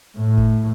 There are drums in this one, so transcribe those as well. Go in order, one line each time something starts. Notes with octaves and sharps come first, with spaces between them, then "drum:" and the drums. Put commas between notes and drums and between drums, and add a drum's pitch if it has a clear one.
A2
drum: kick